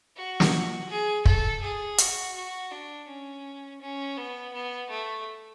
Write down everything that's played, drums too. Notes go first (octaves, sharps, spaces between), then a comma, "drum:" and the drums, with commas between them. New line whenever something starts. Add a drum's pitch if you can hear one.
F#4
drum: snare
G#4
A4, drum: kick
G#4
F#4, drum: hi-hat
F#4
D4
C#4
C#4
B3
B3
A3